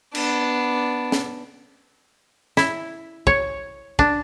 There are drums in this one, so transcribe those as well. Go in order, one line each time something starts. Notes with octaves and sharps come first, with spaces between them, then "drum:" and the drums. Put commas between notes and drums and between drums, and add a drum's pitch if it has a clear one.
B3 D4, drum: cymbal
drum: snare
E4, drum: snare
C#5, drum: kick
D4, drum: kick